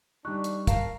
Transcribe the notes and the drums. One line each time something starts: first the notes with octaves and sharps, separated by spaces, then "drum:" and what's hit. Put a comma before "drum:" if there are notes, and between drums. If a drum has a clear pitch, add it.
G3 D4 D#4 C#6 F#6
drum: hi-hat
A#4 F5 A5, drum: kick, hi-hat